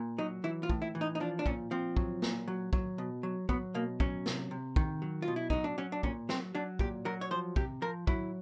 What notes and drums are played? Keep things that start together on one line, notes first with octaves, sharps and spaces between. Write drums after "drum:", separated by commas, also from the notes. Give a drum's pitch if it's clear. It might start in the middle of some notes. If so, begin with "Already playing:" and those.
Already playing: A#2
F#3 D#4
E3 E4
F4
A2, drum: kick
E4
E3
D#4
D#4
F3 D4
D4
A#2 C#4, drum: kick
F3 C4
F#3, drum: kick
A#2, drum: snare
F#3
F#3, drum: kick
B2
F#3
F#3 B3, drum: kick
B2 A#3
F#3 C#4, drum: kick
C3, drum: snare
C3
D#3, drum: kick
F#3
F4
B2
E4
F#3 D#4, drum: kick
D4
F#3 C#4
D4
A#2 C#4, drum: kick
F#3 C4, drum: snare
F#3 D4
A#2 G4, drum: kick
F#3 A#4
C#5
F3 C5
C3 G4, drum: kick
F3 A#4
F#3 E4, drum: kick